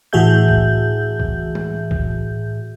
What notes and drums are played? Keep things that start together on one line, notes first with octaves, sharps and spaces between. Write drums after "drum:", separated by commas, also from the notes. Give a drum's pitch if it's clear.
A2 E3 F#4 G#4 E5 G6
drum: kick
drum: kick
drum: tom G3
drum: kick